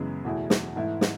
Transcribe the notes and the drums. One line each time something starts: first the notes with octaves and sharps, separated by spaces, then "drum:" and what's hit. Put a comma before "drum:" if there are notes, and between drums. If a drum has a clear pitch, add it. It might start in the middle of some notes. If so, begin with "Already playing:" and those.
Already playing: F#2 C#3 E3 G#3 B3
E2 B2 A3 E4 G#4
drum: snare
G#2 E3 A3 E4
drum: snare